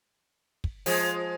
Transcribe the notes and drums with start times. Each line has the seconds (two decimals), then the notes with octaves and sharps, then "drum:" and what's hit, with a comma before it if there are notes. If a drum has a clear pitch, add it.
0.64 drum: kick
0.86 F3 G#3, drum: open hi-hat